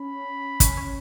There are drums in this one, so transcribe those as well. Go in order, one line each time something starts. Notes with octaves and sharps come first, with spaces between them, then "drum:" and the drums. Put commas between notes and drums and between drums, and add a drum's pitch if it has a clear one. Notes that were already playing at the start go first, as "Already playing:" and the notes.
Already playing: C#4 B5
C#4, drum: kick, hi-hat
C#4